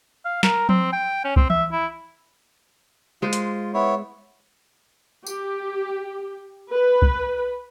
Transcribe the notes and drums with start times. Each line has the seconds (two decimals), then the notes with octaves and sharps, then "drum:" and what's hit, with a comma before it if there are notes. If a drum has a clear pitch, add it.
0.25 F5
0.43 A#4, drum: snare
0.69 C4, drum: tom F3
0.92 G5
1.24 C#4
1.36 C4, drum: kick C2
1.50 E5, drum: tom E3
1.72 E4
3.22 G#3 F4 C5
3.33 drum: hi-hat
3.74 B3 E4 C#5
5.27 G4, drum: tambourine
6.72 B4
7.02 drum: kick C2